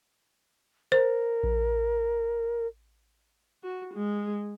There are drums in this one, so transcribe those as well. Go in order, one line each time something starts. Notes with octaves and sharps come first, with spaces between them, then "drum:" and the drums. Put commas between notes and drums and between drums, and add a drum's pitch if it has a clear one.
A#4 C5
drum: kick A#1
F#4
G#3